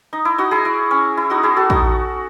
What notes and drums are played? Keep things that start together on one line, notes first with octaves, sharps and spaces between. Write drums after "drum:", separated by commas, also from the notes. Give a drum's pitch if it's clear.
D#4
E4
D#4 F#4
E4 G#4
E4
C#4
E4
D#4 F#4
E4 G#4
F#4 A4
D#4 F#4, drum: kick